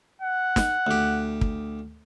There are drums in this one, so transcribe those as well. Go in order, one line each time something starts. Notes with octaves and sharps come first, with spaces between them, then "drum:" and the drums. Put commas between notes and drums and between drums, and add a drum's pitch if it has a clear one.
F#5
drum: snare
D2 G4
drum: kick